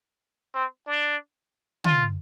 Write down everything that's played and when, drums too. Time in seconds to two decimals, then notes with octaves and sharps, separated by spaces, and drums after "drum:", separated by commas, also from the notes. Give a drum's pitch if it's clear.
0.54 C4
0.87 D4
1.84 F4, drum: tom